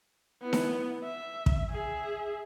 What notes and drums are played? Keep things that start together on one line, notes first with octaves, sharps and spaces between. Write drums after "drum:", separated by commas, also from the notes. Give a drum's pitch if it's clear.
B3 E4
drum: snare D#4
E5
drum: kick
G#4 E5